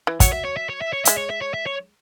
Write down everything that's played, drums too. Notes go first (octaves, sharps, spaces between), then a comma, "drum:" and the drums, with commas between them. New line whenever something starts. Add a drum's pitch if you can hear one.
E3
F#3 C#5, drum: kick, hi-hat
E5
C#5
E5
C#5
E5
C#5
G#3 E5, drum: hi-hat
C#5
E5
C#5
E5
C#5